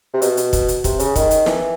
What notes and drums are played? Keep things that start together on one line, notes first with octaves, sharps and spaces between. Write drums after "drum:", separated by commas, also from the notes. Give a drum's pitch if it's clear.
C3
B2, drum: hi-hat
drum: hi-hat
drum: kick, hi-hat
drum: hi-hat
C3, drum: kick, hi-hat
C#3, drum: hi-hat
D#3, drum: kick, hi-hat
drum: hi-hat
E3, drum: snare